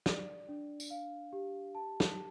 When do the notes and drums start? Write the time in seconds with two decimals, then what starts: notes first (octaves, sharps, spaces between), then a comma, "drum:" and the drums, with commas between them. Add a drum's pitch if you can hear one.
0.06 D5, drum: snare
0.49 D4
0.80 drum: tambourine
0.90 F5
1.33 G4
1.75 A5
2.00 drum: snare